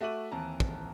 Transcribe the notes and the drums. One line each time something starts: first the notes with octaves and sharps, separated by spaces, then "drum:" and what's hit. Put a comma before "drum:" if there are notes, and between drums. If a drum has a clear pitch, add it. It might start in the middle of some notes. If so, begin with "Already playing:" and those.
A3 F#4 E5 D6 D#7 F#7
D#2 E3 C4 A5 A#5
drum: kick